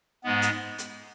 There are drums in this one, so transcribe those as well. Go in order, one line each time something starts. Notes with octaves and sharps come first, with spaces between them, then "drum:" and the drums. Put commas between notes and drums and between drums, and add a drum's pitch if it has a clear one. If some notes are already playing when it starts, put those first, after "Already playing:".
G#2 G#3 B3
drum: hi-hat
drum: hi-hat